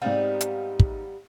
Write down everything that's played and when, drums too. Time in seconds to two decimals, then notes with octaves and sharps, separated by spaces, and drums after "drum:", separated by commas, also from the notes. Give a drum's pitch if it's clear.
0.02 G#2 G3 B3 C4 D#4 F5
0.41 drum: hi-hat
0.80 drum: kick